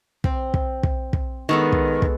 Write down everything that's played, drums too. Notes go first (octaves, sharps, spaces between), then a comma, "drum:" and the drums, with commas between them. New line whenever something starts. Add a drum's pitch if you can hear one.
C4, drum: kick
drum: kick
drum: kick
drum: kick
D#3 G#3 B3 A4
drum: kick
drum: kick